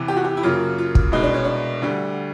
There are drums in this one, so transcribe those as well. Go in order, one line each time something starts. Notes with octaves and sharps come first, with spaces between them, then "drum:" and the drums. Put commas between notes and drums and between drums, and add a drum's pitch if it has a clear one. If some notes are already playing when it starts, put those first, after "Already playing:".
Already playing: E2 C3 E3
G4
F#4
G4
E4
F#2 C#3 F#3 A#3 F4
F4
drum: kick
C2 B2 G#3 D#4
D4
C#4
D4
D2 D3 G3